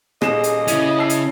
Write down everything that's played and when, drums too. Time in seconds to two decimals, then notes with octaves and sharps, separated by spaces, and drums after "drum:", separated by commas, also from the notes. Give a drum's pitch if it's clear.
0.22 D#1 G#4 D#5 C7 E7, drum: rim click
0.44 drum: hi-hat
0.68 C#3 C#4 E4, drum: hi-hat
0.98 A5 E6 C7
1.10 drum: hi-hat